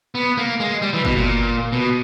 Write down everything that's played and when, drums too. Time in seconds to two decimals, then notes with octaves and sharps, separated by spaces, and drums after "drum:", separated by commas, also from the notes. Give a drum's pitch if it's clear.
0.15 B3
0.38 A#3
0.60 G#3
0.82 G3
0.94 E3
1.05 B2, drum: kick
1.16 A#2
1.73 B2